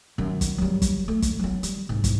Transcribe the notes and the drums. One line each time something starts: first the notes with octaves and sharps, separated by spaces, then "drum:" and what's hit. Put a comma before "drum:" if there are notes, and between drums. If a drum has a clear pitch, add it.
F#2 D#3
drum: kick, hi-hat
F#3 G3
drum: kick, hi-hat
A3
drum: kick, hi-hat
F#3 B3
G3, drum: hi-hat
C2 G#2
drum: kick, hi-hat